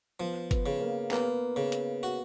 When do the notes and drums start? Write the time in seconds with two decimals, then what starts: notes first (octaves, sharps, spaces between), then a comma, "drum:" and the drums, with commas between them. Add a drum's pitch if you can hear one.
0.20 F3 B3
0.51 B3, drum: kick G1, hi-hat
0.66 C#3
0.81 A#3
1.11 A#3 B3, drum: clap
1.56 C#3
1.72 drum: hi-hat
2.03 F#4